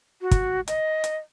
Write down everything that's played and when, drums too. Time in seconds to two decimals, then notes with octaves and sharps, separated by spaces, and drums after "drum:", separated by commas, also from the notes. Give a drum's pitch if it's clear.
0.22 F#4
0.31 drum: kick, hi-hat
0.68 D#5, drum: hi-hat
1.04 drum: hi-hat